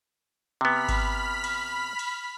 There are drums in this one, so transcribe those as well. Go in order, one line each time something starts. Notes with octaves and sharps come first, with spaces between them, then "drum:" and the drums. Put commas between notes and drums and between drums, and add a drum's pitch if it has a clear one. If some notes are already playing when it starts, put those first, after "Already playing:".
C3 B3 B5 F6 B6
drum: kick G#1, cymbal
drum: cymbal
drum: cymbal